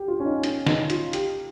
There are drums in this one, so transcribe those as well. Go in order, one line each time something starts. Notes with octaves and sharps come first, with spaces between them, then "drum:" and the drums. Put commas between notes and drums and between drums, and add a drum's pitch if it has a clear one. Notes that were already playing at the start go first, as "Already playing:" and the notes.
Already playing: G4
F4
C#4
D#4
C#4, drum: hi-hat
D#4, drum: snare
F4, drum: hi-hat
G4, drum: hi-hat